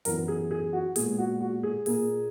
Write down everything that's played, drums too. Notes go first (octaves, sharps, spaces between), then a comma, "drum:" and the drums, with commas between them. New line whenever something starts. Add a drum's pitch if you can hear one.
F#2 E3 B3 A#4, drum: hi-hat
G#4
G#4
F#4
A#2 G#3 B3 G#4, drum: hi-hat
F#4
F#4
G#4
A#2 A#3 G#4, drum: open hi-hat